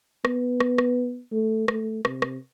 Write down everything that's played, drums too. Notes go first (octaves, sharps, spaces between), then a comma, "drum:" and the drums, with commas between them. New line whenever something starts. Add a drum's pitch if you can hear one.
B3, drum: rim click
drum: rim click
drum: rim click
A3
A3, drum: rim click
C3, drum: rim click
drum: rim click